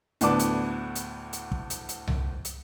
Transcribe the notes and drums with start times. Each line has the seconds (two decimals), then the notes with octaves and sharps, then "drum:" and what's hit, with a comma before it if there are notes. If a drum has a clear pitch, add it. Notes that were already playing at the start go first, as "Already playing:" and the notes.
0.21 D2 A2 B3 D5 A5 D6, drum: hi-hat
0.40 drum: hi-hat
0.96 drum: hi-hat
1.33 drum: hi-hat
1.52 drum: kick
1.70 drum: hi-hat
1.89 drum: hi-hat
2.08 drum: tom C2
2.45 drum: hi-hat